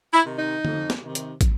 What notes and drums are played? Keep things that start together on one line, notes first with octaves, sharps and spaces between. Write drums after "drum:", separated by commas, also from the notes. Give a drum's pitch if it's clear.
E4
C3 D#3
D#4
F2, drum: tom D3
drum: snare
C3 D#3
drum: hi-hat
drum: kick, hi-hat